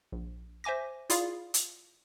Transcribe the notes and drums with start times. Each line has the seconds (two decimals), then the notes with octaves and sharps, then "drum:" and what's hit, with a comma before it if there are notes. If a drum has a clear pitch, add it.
0.12 A#1
0.64 C5 E5 G#5 D6 A#6
1.10 E4 F4 G#4 D5 F5, drum: hi-hat
1.54 drum: hi-hat